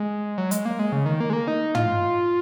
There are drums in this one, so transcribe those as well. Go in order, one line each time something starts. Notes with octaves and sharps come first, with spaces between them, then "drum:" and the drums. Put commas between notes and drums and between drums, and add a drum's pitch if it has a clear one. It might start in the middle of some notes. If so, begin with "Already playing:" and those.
Already playing: G#3
F#3
G#3, drum: hi-hat
A#3
G#3
C#3
D#3
A#3
G#3
A#3
D#4
F4, drum: tom